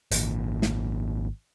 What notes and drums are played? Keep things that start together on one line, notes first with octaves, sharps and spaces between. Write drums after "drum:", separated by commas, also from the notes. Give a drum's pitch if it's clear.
G#1 A#2, drum: hi-hat
drum: snare